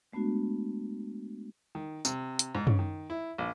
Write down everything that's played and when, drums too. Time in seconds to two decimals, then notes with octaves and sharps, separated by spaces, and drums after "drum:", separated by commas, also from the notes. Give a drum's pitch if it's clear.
0.13 G#3 A3 B3 D4 F#4
1.75 D#3
2.05 C3, drum: tambourine
2.39 drum: hi-hat
2.55 G#2
2.67 C#3, drum: tom
2.79 D#3
3.10 E4
3.38 A#1